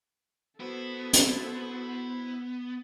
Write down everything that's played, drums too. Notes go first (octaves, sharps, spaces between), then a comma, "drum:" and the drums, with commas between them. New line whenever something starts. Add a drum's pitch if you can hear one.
B3 E4 F#4 A4 C5
drum: hi-hat